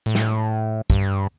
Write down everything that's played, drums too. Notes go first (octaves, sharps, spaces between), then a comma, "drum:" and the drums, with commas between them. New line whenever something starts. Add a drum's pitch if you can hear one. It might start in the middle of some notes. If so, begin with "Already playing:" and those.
A2
drum: snare
G2, drum: kick